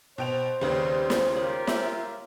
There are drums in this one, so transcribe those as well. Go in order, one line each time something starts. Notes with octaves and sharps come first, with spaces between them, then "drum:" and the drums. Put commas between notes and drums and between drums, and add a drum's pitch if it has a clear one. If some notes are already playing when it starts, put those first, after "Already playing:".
B2 C5 G5 F7
D#2 C#3 G3 C4 G4 B4 C#5
drum: snare
F4 G4 A#4 C#5
C#5 E5, drum: snare